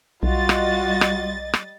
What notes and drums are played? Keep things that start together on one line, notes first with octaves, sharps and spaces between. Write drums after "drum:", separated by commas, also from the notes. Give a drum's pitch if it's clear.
B1 G3 F4 F#4 D#5 A6
drum: rim click
drum: rim click
drum: rim click